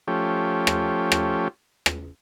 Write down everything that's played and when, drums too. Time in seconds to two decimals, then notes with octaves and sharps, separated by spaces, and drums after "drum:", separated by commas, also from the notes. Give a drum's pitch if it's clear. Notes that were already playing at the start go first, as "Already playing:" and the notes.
0.08 F3 A3 C#4 G4
0.67 drum: rim click
1.12 drum: rim click
1.86 drum: rim click